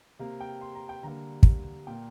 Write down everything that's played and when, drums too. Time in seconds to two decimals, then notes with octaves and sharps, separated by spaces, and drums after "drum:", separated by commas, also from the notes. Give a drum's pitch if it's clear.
0.19 C3 A#3 F5
0.41 G5
0.61 C6
0.75 A#5
0.89 G5
1.03 D3 G3 A#3 A#5
1.43 drum: kick
1.87 A#2 A#3 G5